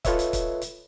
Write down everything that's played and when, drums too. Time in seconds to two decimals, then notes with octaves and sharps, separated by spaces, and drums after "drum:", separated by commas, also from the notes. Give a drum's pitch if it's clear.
0.05 F4 A4 B4 C#5 D#5 E5, drum: kick, hi-hat
0.19 drum: hi-hat
0.33 drum: kick, hi-hat
0.62 drum: hi-hat